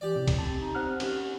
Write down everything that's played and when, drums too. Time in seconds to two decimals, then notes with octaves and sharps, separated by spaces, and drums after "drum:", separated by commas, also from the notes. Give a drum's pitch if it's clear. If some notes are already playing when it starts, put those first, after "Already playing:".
0.01 E3 G4 D5
0.16 A2 C3
0.28 drum: kick, cymbal
0.39 C4 A5
0.60 D#4
0.75 C4 F#5 F6
1.00 D#2 C#4, drum: cymbal